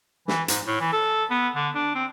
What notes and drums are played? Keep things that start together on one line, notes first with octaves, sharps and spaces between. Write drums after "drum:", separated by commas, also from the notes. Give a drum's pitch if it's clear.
E3, drum: snare
G#2, drum: hi-hat
A2
E3
A4
B3
D3
D4
C4